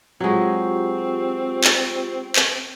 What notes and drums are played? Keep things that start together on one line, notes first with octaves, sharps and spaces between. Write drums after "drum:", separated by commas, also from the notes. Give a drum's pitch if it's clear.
F#3 G#3 C4 F4 G4 C#6
drum: clap
drum: clap